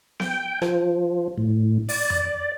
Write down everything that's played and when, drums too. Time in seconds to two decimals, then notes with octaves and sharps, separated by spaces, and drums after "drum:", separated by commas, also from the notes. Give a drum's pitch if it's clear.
0.20 G5, drum: snare B3
0.62 F3, drum: rim click
1.38 A2
1.89 D5, drum: open hi-hat
2.10 drum: tom F2